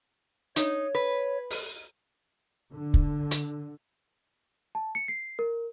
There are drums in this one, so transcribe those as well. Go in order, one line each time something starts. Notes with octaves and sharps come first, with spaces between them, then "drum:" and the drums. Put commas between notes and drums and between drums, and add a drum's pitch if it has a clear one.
D#4 C#5, drum: hi-hat
B4
drum: open hi-hat
D3
drum: kick
drum: hi-hat
A5
C#7
C7
A#4